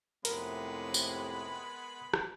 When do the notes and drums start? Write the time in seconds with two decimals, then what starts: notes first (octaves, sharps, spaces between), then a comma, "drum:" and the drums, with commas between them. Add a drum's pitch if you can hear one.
0.25 F2 A2 C3 G#3 B3 A#4 B5, drum: hi-hat
0.94 drum: tambourine
2.14 drum: rim click